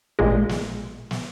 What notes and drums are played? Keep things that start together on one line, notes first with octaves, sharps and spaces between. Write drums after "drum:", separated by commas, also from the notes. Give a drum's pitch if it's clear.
A1 A#2 G#3
drum: snare
drum: snare